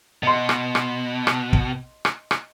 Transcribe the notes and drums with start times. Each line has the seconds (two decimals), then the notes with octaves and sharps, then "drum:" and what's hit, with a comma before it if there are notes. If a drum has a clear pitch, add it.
0.23 B2 D#5 C6
0.49 drum: rim click
0.75 drum: rim click
1.27 drum: rim click
1.53 drum: kick
2.05 drum: rim click
2.31 drum: rim click